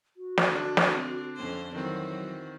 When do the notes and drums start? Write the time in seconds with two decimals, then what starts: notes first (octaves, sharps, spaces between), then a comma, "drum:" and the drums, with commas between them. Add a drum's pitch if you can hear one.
0.17 F#4
0.38 drum: snare
0.52 D3 D4
0.77 drum: snare
0.93 C4
1.36 F2 C#4 C5
1.75 D#3 E3 F#3 C4 F#4